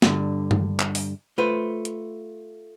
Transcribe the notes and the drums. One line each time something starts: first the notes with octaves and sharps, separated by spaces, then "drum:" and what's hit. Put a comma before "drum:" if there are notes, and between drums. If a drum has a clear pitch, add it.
G2 D3, drum: snare
drum: tom G2
drum: clap
drum: open hi-hat
A3 F4 B4 C5
drum: hi-hat